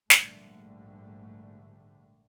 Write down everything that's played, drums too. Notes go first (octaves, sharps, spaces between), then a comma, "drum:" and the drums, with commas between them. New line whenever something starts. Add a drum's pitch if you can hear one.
A#1 G#2 D3 G3 A3, drum: snare